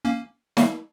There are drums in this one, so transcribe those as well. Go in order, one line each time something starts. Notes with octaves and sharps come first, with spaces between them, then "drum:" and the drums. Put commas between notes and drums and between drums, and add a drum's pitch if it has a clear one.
A#3 C#4
G3 A#3, drum: snare